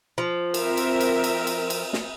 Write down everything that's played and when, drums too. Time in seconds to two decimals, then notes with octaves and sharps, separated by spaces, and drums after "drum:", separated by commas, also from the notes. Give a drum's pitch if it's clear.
0.18 F3
0.54 C4 A#4 E5, drum: cymbal
0.77 drum: cymbal
1.00 drum: cymbal
1.24 drum: cymbal
1.47 drum: cymbal
1.70 drum: cymbal
1.93 drum: snare